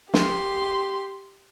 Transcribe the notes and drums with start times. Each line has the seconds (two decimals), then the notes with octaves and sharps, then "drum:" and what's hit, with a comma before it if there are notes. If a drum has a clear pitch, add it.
0.14 G4 C6, drum: snare